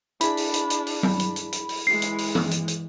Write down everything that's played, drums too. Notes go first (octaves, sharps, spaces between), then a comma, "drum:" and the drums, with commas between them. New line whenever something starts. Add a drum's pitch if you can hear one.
D4 E4 G#4 B5, drum: hi-hat
drum: open hi-hat
drum: hi-hat
drum: hi-hat
drum: open hi-hat
drum: tom F#3
drum: hi-hat
drum: hi-hat
drum: hi-hat
drum: open hi-hat
E3 G#3 C7
drum: hi-hat
drum: open hi-hat
drum: tom E3
drum: hi-hat
drum: hi-hat